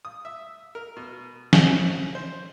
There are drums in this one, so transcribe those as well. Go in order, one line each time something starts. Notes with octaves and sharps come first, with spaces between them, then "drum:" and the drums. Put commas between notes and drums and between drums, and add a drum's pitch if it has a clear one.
D#6
E5
A#4
B2
F#5, drum: snare
C5